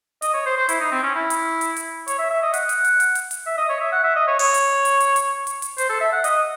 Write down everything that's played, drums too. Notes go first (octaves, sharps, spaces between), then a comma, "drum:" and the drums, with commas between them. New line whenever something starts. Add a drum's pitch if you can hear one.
D#5, drum: hi-hat
C#5
C5
C5
E4, drum: hi-hat
D#4
C4
C#4
E4
drum: hi-hat
drum: hi-hat
drum: hi-hat
C#5, drum: hi-hat
E5
E5
D#5
F#5, drum: hi-hat
drum: hi-hat
drum: hi-hat
drum: hi-hat
drum: hi-hat
drum: hi-hat
E5
D#5
C#5
E5
F#5
E5
D#5
C#5
C#5, drum: open hi-hat
drum: hi-hat
drum: hi-hat
drum: hi-hat
drum: hi-hat
drum: hi-hat
drum: hi-hat
C5, drum: hi-hat
A4
E5
F#5
D#5, drum: hi-hat